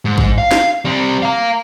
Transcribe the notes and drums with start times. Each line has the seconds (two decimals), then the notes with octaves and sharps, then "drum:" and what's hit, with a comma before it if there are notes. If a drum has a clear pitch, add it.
0.05 G#2
0.18 drum: kick A1
0.38 F5
0.51 drum: snare
0.85 G3 C4
1.22 F5 A#5